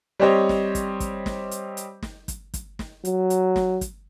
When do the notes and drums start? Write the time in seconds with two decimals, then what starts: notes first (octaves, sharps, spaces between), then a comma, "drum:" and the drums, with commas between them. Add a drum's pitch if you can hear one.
0.19 G3 C4 G4 C5 C#5 D#5
0.49 drum: snare
0.75 drum: kick, hi-hat
1.00 drum: kick, hi-hat
1.26 drum: snare
1.51 drum: hi-hat
1.77 drum: hi-hat
2.02 drum: snare
2.28 drum: kick, hi-hat
2.54 drum: kick, hi-hat
2.79 drum: snare
3.05 F#3, drum: hi-hat
3.30 drum: hi-hat
3.56 drum: snare
3.81 drum: kick, hi-hat